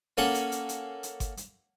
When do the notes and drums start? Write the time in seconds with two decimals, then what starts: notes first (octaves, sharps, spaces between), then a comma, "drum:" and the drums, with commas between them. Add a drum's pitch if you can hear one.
0.17 A#3 C#4 A4 F#5
0.35 drum: hi-hat
0.52 drum: hi-hat
0.69 drum: hi-hat
1.03 drum: hi-hat
1.20 drum: kick G1, hi-hat
1.37 drum: hi-hat